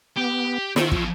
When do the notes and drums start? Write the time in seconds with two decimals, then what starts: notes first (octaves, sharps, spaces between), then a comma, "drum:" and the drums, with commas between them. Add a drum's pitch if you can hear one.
0.17 B3 G4
0.76 D#3 F4 C#6 E6, drum: snare
0.92 E2 F3, drum: kick